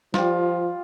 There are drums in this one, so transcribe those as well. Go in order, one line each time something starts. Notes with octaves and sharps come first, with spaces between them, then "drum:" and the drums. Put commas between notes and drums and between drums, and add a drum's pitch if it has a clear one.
F3 G3 F4, drum: snare